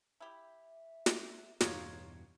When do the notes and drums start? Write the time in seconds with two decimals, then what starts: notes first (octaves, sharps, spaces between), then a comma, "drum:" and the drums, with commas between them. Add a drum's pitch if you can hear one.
0.20 E4 G4 E5
1.06 drum: snare
1.61 E2 G2 B2 D#4 F4 C#5, drum: snare